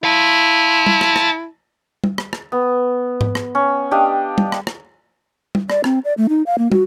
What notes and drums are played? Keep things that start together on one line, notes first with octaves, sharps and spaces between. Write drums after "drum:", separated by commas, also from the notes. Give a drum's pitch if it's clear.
E4 F5 A5
drum: tom
drum: rim click
drum: rim click
drum: tom
drum: rim click
drum: rim click
B3
drum: tom G#2
drum: rim click
C#4
D4 G4 D#5 F5
drum: tom
drum: rim click
drum: rim click
drum: tom
D5, drum: rim click
C4, drum: rim click
D5
A3
D#4
F5
A#3
F#4, drum: tom